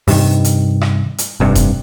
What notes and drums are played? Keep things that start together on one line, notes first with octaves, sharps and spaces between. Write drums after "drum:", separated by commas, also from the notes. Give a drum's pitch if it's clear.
G2 C3 D#3, drum: open hi-hat
drum: hi-hat
drum: rim click
drum: hi-hat
F1 G2 C3
drum: kick D#1, hi-hat